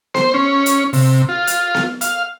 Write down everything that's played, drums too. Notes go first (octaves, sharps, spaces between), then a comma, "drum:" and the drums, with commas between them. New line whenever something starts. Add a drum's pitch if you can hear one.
C5, drum: snare B3
C#4
drum: hi-hat
C3, drum: open hi-hat
F4
drum: hi-hat
drum: snare B3
F5, drum: hi-hat